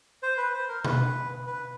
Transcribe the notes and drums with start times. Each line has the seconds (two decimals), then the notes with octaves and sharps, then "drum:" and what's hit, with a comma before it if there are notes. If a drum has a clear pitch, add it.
0.23 C5
0.37 B4
0.54 C5
0.69 A#4
0.84 B4, drum: tom B2
1.47 B4